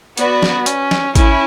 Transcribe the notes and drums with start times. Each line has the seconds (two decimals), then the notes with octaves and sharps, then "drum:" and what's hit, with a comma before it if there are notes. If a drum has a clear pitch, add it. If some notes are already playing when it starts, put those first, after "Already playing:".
0.17 B3 F#4 B4 D5, drum: hi-hat
0.42 drum: snare
0.66 C#4, drum: hi-hat
0.91 drum: snare
1.15 C#4 E4, drum: kick G#1, hi-hat